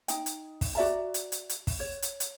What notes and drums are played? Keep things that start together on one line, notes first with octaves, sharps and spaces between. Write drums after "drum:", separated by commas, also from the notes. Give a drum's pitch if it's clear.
D#4 G5, drum: hi-hat
drum: hi-hat
drum: kick, open hi-hat
F#4 D5 E5 A#5
drum: hi-hat
drum: hi-hat
drum: hi-hat
drum: kick, open hi-hat
C#5
drum: hi-hat
drum: hi-hat